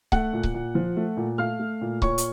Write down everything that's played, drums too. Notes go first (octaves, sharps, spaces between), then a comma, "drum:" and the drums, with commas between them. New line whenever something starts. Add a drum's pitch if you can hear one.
A3 F#5 F#6, drum: kick C#1
A#2
drum: kick C#1
A#2
F3
A3
A#2
A3 F5 F6
A3
A#2
A#2 C#5 C#6, drum: kick C#1
drum: hi-hat